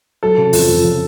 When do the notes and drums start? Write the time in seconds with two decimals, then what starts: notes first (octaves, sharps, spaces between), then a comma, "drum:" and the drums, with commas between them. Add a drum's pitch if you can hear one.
0.23 F#3 A4
0.38 C#3
0.53 F2, drum: open hi-hat
0.68 F2
0.84 C#3